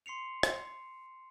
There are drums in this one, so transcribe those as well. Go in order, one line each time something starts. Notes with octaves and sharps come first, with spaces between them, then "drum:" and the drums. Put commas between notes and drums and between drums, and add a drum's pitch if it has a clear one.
C6 C7 C#7 F7
drum: rim click